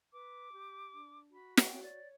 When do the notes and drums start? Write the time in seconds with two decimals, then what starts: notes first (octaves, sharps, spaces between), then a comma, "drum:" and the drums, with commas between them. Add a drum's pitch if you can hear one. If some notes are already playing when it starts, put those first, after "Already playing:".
0.12 B4 D6
0.53 G4
0.92 D4
1.31 F#4 B5
1.57 G5, drum: snare
1.71 C#5
1.84 D5